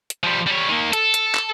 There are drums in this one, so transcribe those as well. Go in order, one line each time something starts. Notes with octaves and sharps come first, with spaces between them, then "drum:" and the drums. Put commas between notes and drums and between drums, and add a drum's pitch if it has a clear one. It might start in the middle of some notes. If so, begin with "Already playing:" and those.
drum: hi-hat
F3 G3
G3 C#5
D#3 A#3
A4, drum: hi-hat
drum: hi-hat
drum: clap